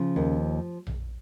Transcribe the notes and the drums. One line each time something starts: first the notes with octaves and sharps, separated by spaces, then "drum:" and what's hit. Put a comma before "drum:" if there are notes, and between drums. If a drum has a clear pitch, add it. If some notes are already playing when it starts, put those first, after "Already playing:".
Already playing: C#3 F3
D#2
drum: tom A#1